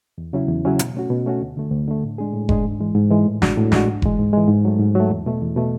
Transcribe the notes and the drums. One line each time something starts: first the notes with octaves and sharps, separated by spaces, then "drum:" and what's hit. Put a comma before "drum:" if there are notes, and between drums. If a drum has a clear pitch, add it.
E2
C#3 F#3 C#4 E4
E2
C#3 F#3 C#4 E4
B2, drum: hi-hat
A3 C#4 F#4
B2
A3 C#4 F#4
D2
D3 A3
D2
D3 A3
A2
G#3 D4 G#4
A2
G#3 D4 G#4, drum: kick F1
G#2
E3 G#3
G#2
E3 G#3
A2
G#3 D4 F#4, drum: snare
A2
G#3 D4 F#4, drum: snare
G#2
E3 G#3, drum: kick F1
G#2
E3 G#3
G#2
F#3 A3
G#2
F#3
A3
E2
B2 A3
E2
B2 A3